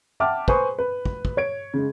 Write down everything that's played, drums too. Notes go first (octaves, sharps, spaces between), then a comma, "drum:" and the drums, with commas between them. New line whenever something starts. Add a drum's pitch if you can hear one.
E5 F#5 G5 A5 D6 F6
B4 C5 G#5 C#6 D#6, drum: kick
B4
drum: kick
drum: kick
C#5 G#6 D7
C#3 G#3